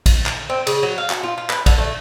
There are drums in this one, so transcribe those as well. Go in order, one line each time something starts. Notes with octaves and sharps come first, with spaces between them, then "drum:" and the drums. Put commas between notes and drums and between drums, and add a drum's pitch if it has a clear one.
drum: kick, cymbal
drum: clap
C4
C#3, drum: cymbal
F#3
F5
F#4, drum: clap
F4
F4
B4, drum: clap
D3, drum: kick, cymbal
A3